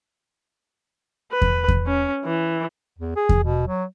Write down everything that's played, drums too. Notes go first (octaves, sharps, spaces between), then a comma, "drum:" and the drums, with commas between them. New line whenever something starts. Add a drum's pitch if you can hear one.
B4
drum: kick E2
drum: kick E2
C#4
E3
E2
G#4
drum: kick E2
B2
F#3